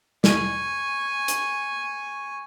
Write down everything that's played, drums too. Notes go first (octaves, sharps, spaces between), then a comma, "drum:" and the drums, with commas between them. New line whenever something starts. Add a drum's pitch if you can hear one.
G#5 C#6, drum: snare
drum: hi-hat